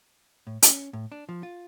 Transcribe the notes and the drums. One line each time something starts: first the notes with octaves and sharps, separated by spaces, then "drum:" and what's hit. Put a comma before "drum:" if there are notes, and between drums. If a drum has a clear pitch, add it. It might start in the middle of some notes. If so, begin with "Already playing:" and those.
A2
C#4, drum: hi-hat
A2
D4
F3
F4